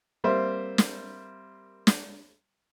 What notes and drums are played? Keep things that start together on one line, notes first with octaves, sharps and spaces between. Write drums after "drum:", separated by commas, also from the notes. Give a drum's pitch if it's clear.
G3 A#3 C4 C5 E5
drum: snare
drum: snare